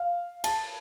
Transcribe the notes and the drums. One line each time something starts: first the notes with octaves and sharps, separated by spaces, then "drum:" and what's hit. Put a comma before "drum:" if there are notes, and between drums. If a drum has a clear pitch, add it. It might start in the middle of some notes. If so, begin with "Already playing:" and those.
Already playing: F5
A5, drum: cymbal